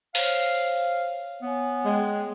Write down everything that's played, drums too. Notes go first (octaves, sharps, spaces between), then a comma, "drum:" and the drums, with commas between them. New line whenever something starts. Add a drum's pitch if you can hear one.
C5 C#5 F5, drum: open hi-hat
B3 C#5 G#5
G#3 D#5 G5